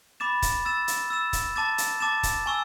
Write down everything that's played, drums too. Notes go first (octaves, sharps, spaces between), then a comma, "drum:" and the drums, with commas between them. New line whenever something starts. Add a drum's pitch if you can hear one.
B5 D6 A6 E7
drum: kick, hi-hat
E6 A6 E7
drum: hi-hat
E6 A6 E7
drum: kick, hi-hat
A5 D6 A6 E7
drum: hi-hat
A5 D6 A6 E7
drum: kick, hi-hat
G#5 C#6 E6